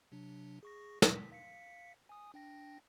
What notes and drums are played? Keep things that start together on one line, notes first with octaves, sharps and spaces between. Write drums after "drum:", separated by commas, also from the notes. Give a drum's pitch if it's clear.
C3 F#3 D4
G#4 C#6 A#6
B6, drum: snare
F5 B6 C#7
G#5 D#6
D4 G5 A#6